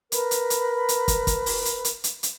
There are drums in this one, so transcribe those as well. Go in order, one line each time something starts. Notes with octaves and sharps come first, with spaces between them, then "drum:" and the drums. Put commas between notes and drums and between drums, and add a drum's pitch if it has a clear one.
A#4 B4 B5, drum: hi-hat
drum: hi-hat
drum: hi-hat
drum: hi-hat
drum: kick, hi-hat
drum: kick, hi-hat
drum: open hi-hat
drum: hi-hat
drum: hi-hat
drum: hi-hat
drum: hi-hat